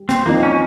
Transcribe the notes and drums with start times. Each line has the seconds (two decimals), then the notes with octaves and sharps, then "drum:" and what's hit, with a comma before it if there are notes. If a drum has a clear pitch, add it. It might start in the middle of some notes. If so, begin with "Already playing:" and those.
Already playing: G3
0.09 C4, drum: snare
0.26 F3 A#3 C4 D#4
0.43 C#4